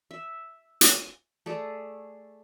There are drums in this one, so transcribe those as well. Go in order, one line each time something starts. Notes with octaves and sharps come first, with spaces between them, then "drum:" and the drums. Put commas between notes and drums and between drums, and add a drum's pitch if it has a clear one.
E5
drum: hi-hat
A3 G#4 D5